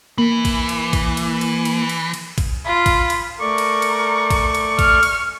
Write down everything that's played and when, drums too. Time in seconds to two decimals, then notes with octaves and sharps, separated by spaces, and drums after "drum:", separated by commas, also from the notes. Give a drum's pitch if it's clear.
0.18 E3 A#3
0.45 drum: kick A1, cymbal
0.69 drum: cymbal
0.93 drum: kick A1, cymbal
1.17 drum: cymbal
1.41 drum: cymbal
1.65 drum: cymbal
1.89 drum: cymbal
2.14 drum: cymbal
2.38 drum: kick A1, cymbal
2.66 F4 B5
2.86 drum: kick A1, cymbal
3.10 drum: cymbal
3.40 A3 A#4 D5 C#6
3.58 drum: cymbal
3.82 drum: cymbal
4.30 drum: kick A1, cymbal
4.55 drum: cymbal
4.79 F6, drum: kick A1, cymbal
5.03 drum: cymbal